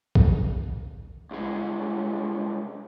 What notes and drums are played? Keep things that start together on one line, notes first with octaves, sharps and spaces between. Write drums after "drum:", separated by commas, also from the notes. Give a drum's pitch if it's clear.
drum: kick A#1
C2 G#3